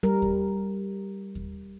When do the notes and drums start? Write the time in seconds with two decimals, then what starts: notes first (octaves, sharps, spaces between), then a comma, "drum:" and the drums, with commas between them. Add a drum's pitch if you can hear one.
0.03 G3 A#4
0.22 drum: kick D#2
1.35 drum: kick D#2